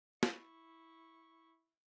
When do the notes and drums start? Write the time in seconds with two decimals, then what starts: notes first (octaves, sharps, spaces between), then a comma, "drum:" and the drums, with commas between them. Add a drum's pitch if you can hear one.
0.23 E4 C#6, drum: snare